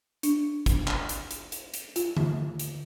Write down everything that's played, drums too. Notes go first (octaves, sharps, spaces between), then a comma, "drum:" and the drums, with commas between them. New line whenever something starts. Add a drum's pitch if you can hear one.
D4, drum: hi-hat
drum: kick, hi-hat
drum: clap
drum: hi-hat
drum: hi-hat
drum: hi-hat
drum: hi-hat
F4, drum: hi-hat
drum: tom D3
drum: hi-hat